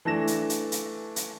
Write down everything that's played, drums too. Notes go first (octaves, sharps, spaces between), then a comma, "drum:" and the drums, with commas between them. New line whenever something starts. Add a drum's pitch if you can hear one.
E3 A3 D4 A#6 E7
drum: hi-hat
drum: hi-hat
drum: hi-hat
drum: hi-hat